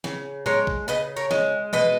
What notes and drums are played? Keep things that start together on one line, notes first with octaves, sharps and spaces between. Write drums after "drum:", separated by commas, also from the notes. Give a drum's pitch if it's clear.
C#3, drum: snare
G#3 A#4 C#5, drum: tom
drum: kick
C#3 B4 D#5
A#4 C#5
G#3, drum: snare
B2 B4 D#5, drum: tom E3